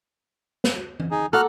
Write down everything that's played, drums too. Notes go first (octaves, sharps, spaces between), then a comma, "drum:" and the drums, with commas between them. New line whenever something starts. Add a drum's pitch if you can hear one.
drum: snare
drum: tom E3
D#4 G#4
A#3 F#4 A4 F#5 F6 F#6